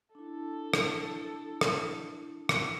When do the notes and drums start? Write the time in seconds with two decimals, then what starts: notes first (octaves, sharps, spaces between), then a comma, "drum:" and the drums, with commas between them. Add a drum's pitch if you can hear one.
0.15 D4 E4 A4
0.74 drum: rim click
1.61 drum: rim click
2.49 drum: rim click